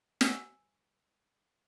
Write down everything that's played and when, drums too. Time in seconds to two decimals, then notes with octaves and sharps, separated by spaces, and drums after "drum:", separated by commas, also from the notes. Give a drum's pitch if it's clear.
0.21 G#5 E6, drum: snare